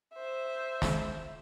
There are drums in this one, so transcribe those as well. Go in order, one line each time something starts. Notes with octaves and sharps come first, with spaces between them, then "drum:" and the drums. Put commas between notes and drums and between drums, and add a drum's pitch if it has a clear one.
C5 E5
drum: snare